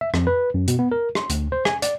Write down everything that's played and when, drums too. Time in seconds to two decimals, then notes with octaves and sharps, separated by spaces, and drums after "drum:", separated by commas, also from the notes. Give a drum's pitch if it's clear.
0.01 E5
0.14 F2, drum: rim click
0.27 B4
0.54 F#2
0.68 B2, drum: hi-hat
0.79 B3
0.92 A#4
1.15 C6, drum: rim click
1.30 D2, drum: hi-hat
1.52 C5
1.65 G#5, drum: rim click
1.82 D5, drum: hi-hat